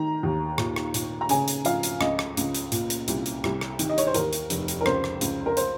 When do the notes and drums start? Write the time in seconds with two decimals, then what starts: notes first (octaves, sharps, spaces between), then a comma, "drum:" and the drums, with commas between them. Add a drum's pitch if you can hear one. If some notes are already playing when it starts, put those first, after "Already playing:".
Already playing: D#3 A#5
0.23 D#2
0.58 A#2, drum: rim click
0.76 drum: rim click
0.94 A#2, drum: hi-hat
1.21 A#5
1.29 C#3 G#5, drum: hi-hat
1.48 drum: hi-hat
1.65 F3 F5, drum: hi-hat
1.83 drum: hi-hat
2.01 C#2 D#5, drum: rim click
2.19 drum: rim click
2.37 C#2, drum: hi-hat
2.55 drum: hi-hat
2.72 A#2, drum: hi-hat
2.90 drum: hi-hat
3.08 C2, drum: hi-hat
3.26 drum: hi-hat
3.44 C2, drum: rim click
3.61 drum: rim click
3.79 D#3, drum: hi-hat
3.89 D#5
3.98 C#5, drum: hi-hat
4.07 C5
4.14 D#2 A#4, drum: hi-hat
4.33 drum: hi-hat
4.50 F1, drum: hi-hat
4.68 drum: hi-hat
4.81 A#4
4.86 C#2 C5, drum: rim click
5.04 drum: rim click
5.21 C#2, drum: hi-hat
5.46 A#4
5.57 C5, drum: hi-hat